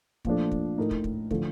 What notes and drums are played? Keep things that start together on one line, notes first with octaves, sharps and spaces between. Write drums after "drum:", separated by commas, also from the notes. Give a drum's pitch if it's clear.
A#2 F3 A3 D4, drum: kick
drum: kick
A2 A3 D#4 A#4
drum: kick
drum: kick
D3 F3 A3, drum: kick